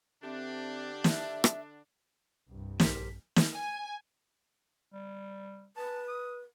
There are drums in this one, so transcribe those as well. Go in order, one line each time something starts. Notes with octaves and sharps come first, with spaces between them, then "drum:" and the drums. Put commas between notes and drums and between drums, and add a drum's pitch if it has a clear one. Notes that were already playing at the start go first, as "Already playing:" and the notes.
D3 C4 D4 G4 E5
E5 A5, drum: snare
drum: rim click
C2 G2
A#1 G4 A#4 C5 B6, drum: snare
drum: snare
G#5
G3
B4 A5
D#6